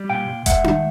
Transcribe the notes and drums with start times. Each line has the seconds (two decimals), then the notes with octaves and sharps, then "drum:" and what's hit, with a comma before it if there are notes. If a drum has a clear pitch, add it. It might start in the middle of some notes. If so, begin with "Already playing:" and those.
Already playing: G3
0.10 A#2 F5 G5
0.28 A#2
0.46 G#3 E5 F#5, drum: kick E1, hi-hat
0.64 D#3, drum: tom D4